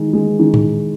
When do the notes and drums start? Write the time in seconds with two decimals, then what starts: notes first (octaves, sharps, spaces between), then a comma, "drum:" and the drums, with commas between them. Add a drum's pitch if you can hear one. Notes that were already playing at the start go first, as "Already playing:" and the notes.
Already playing: D#3 G#3
0.13 G#3
0.39 D#3
0.54 drum: tom A2